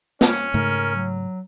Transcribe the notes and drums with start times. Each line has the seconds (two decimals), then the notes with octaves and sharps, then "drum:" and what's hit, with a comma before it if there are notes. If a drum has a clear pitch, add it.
0.21 C#4, drum: snare
0.54 G#2 C#3 A3 A#4
0.94 F#3